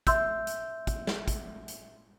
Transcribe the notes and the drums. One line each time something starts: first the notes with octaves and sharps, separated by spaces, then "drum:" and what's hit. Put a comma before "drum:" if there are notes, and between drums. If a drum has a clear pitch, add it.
E5 C6 E6 G6, drum: kick, hi-hat
drum: hi-hat
drum: kick, hi-hat
drum: snare
drum: kick, hi-hat
drum: hi-hat